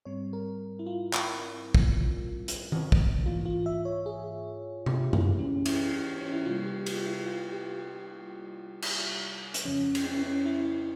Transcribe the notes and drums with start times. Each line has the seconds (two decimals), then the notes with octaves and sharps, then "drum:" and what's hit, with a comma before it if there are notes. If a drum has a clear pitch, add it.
0.05 G#2 G3 C4 C#5
0.33 A#4
0.79 E4
0.86 F4
1.13 E4, drum: clap
1.39 E4
1.75 drum: kick
2.48 drum: hi-hat
2.72 drum: tom D#3
2.92 drum: kick
3.26 G#2 E3 A#3 F4
3.45 F4
3.66 E5
3.85 C#5
4.06 G#4
4.86 G4, drum: tom C3
5.13 E4, drum: tom F#2
5.39 C#4
5.66 E4, drum: cymbal
6.21 C#4
6.33 E4
6.46 C3 G3 A#3 F4
6.66 G4
6.86 F4, drum: cymbal
7.06 E4
7.26 F4
7.53 G4
7.80 G4
8.82 drum: cymbal
9.54 drum: hi-hat
9.65 F2 C#3 F3 C#4
9.95 drum: cymbal
10.06 C#4
10.14 E4
10.23 C#4
10.46 E4
10.65 E4